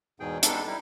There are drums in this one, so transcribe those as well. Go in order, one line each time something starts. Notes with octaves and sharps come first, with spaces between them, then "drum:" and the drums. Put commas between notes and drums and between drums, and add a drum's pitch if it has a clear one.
E2 G#2 B2 G#4 G5
G3 G#3 B3 D4 D#4 A4, drum: hi-hat
G3 D#4 E4